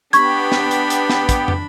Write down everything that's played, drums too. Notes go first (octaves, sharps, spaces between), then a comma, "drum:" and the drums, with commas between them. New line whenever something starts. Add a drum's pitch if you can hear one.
B3 D4 G4 B5 C#6 G#6, drum: hi-hat
drum: snare
drum: hi-hat
drum: hi-hat
drum: snare
drum: kick, hi-hat
drum: tom